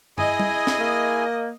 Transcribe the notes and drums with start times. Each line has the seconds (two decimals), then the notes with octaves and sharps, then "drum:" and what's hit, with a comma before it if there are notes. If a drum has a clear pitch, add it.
0.18 E4 G#4 D#5 G#5, drum: tom
0.39 drum: tom G3
0.67 drum: snare
0.80 A#3